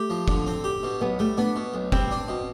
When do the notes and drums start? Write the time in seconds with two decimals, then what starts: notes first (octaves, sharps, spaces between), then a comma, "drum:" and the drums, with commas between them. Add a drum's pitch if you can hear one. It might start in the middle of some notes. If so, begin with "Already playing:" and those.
Already playing: A3 G4
0.10 F3
0.28 D3, drum: kick
0.47 C4
0.64 G4
0.83 B2
1.01 B1 B3
1.19 G3 A3
1.38 B3 D4
1.56 B2
1.74 B1
1.92 G3 C4, drum: kick
2.11 D4
2.28 B2